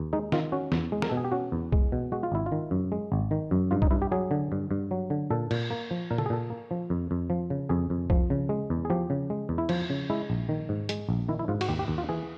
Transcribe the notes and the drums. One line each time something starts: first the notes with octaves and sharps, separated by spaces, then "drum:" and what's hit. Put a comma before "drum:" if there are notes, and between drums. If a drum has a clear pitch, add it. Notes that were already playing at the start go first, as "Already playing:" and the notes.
Already playing: D#2
G#3 D#4
D#3 F4, drum: snare
C#4 F#4
E2, drum: snare
G#3
A#4, drum: snare
B2 A4
G#4
G4
C#4 F#4
E2
G#3, drum: kick B1
B2
G#3 F#4
F4
G#1 E4
F4
D#3
F#2
G#3
G#1
D#3
F#2
G2 F4
D#4, drum: kick B1
G2 E4
G4
F#3 G#4
D3
G2
G2
F#3
D3
A#2 A4
A#2, drum: cymbal
A#3
F3
A#2 A#4
A4, drum: tom C#3
G#4
A#2 A4
A#3
F3
F2
F2
F3
C#3
F2 G#4
F2
F3, drum: kick B1
C#3
G#3
E2
G#4
F3 G4
C#3
G#3
E2
E4
F3 F4, drum: cymbal
C#3
G#3 E4
A#1
D#3
G#2
G#3, drum: hi-hat
A#1
D#3 E4
E4
G#2 F4
F#4, drum: cymbal
D#2 G4
G4
D#2
F4
E3 G#4